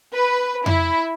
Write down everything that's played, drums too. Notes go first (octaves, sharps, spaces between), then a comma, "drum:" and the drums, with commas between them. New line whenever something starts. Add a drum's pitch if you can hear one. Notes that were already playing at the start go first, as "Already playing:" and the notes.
B4
E4, drum: tom F2